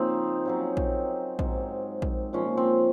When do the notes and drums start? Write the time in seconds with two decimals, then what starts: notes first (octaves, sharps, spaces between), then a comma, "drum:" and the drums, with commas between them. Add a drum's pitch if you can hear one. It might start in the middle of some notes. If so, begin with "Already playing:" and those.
Already playing: C#3 F3 A#3 C4 D#4
0.45 C#3 F#3 C4
0.77 drum: kick A#1
1.39 G#2 F#3 C4, drum: kick A#1
2.02 drum: kick A#1
2.33 A#2 F3 G#3 C#4
2.57 C4